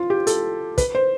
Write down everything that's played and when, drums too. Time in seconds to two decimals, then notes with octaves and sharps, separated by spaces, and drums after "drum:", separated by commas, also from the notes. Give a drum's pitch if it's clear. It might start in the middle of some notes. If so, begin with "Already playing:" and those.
Already playing: F4
0.10 G4
0.27 A4, drum: hi-hat
0.78 B4, drum: kick, hi-hat
0.95 C5